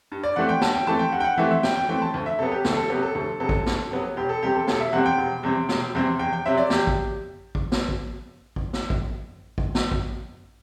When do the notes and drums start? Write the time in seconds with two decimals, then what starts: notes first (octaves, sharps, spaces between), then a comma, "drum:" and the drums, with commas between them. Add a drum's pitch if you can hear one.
0.12 G2
0.23 D5
0.36 E3 A3 C4 F#5
0.49 G5
0.61 G2 A5, drum: snare
0.75 G5
0.87 E3 A3 C4 A5
0.99 G5
1.12 G2 F#5
1.20 G5
1.25 F#5
1.38 E3 A3 C4 E5
1.51 E5
1.63 G2 G5, drum: snare
1.76 G5
1.89 E3 A3 C4 G5
2.02 A5
2.14 D2
2.26 E5
2.39 C3 F#3 B3 A4
2.52 G4
2.64 D2 A4, drum: snare
2.77 A4
2.90 C3 F#3 B3 G4
3.03 A4
3.15 D2 A4
3.40 C3 F#3 B3 A4
3.49 drum: kick A1
3.66 D2, drum: snare
3.91 C3 F#3 B3
4.17 E1 G4
4.29 A4
4.43 E2 C3 G3 C4 G4
4.55 A4
4.68 E1 A4, drum: snare
4.80 E5
4.93 E2 C3 G3 C4 F#5
5.06 G5
5.18 E1
5.43 E2 C3 G3 C4
5.69 E1, drum: snare
5.95 E2 C3 G3 C4
6.19 E2 G5
6.33 G5
6.46 C3 F#3 C4 E5
6.58 D5
6.70 E2 G4, drum: snare
6.87 drum: kick A1
7.55 drum: kick A1
7.72 drum: snare
7.89 drum: kick A1
8.56 drum: kick A1
8.73 drum: snare
8.90 drum: kick A1
9.58 drum: kick A1
9.75 drum: snare
9.92 drum: kick A1